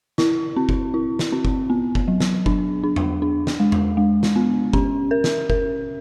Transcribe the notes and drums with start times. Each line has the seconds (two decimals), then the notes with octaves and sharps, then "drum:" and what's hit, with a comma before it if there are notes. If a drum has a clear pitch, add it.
0.18 E4, drum: snare
0.56 C4
0.69 drum: kick F#1
0.94 E4
1.19 drum: snare
1.32 C4
1.45 drum: kick F#1
1.70 B3
1.95 drum: kick F#1
2.08 F#3
2.20 drum: snare
2.46 D4, drum: kick F#1
2.84 D4
2.96 drum: tom E2
3.22 D4
3.47 drum: snare
3.60 G#3
3.72 drum: tom E2
3.97 G#3
4.23 drum: snare
4.36 B3
4.73 C#4, drum: kick F#1
5.11 A#4
5.24 drum: snare
5.50 A#4, drum: kick F#1